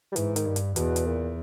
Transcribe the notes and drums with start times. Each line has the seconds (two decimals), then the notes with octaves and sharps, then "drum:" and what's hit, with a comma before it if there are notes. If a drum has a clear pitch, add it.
0.12 G3
0.16 G#2 E3, drum: hi-hat
0.36 D#3, drum: hi-hat
0.45 G2
0.56 drum: hi-hat
0.76 E2 B2, drum: hi-hat
0.96 drum: hi-hat
1.06 A#2